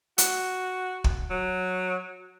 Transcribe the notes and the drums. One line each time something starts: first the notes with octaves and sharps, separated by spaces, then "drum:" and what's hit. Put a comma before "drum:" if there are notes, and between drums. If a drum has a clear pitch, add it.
F#4, drum: hi-hat
drum: kick
F#3